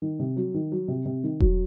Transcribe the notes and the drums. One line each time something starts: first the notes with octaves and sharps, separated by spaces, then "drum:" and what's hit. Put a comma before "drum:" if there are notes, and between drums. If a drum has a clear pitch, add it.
D#3
C3
F#3
D#3
F#3
C3
C3
D#3
F#3, drum: kick E1